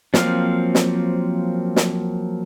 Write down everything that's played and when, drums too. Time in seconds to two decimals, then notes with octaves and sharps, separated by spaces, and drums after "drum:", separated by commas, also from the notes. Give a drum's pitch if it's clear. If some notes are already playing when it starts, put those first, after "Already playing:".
0.14 F3 F#3 A#3 C4 F5, drum: snare
0.75 drum: snare
1.76 drum: snare